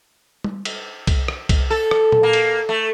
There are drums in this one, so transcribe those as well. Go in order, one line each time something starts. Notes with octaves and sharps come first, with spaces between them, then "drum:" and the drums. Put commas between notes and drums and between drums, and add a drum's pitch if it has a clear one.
drum: tom G3
drum: cymbal
drum: kick C2, cymbal
drum: rim click
drum: kick C2, cymbal
A4
drum: rim click
drum: tom A#2
A#3
drum: cymbal
A3